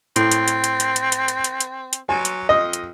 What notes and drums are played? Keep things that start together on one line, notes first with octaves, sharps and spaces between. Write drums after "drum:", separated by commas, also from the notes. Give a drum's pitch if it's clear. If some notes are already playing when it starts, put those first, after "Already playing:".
A2 C4, drum: hi-hat
drum: hi-hat
drum: hi-hat
drum: hi-hat
drum: hi-hat
drum: hi-hat
drum: hi-hat
drum: hi-hat
drum: hi-hat
drum: hi-hat
drum: hi-hat
F#3 G#5
drum: hi-hat
F2 D#5
drum: hi-hat